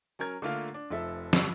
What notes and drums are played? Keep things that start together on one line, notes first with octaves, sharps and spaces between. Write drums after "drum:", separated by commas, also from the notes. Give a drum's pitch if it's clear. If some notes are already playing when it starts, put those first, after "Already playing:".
F#3 C#4 A#4 G#6
D3 A3 A#3 F4 A#4 F5
D4
F1 F3 A4 E5
G1 F2 G3 C#6 E6, drum: snare